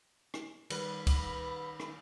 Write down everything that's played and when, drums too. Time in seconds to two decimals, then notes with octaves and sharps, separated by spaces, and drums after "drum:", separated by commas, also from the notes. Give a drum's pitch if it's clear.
0.34 drum: rim click
0.70 D#3 G3 B4 B5, drum: cymbal
1.07 drum: kick, cymbal
1.80 drum: rim click